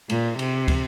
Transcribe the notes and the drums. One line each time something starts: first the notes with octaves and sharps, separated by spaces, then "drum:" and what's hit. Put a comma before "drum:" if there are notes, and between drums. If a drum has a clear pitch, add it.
A#2, drum: cymbal
C3, drum: cymbal
drum: kick, cymbal